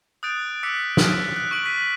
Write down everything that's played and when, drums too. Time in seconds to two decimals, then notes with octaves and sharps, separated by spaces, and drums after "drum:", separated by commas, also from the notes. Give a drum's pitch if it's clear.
0.23 D#6 F#6 G6 A6 D7 F7
0.63 D6 E6 F#6 B6 C#7 D7
0.97 D#6 F6 F#6, drum: snare
1.37 F#6
1.51 C#6 F#6 D7 F#7
1.66 B6 D7 D#7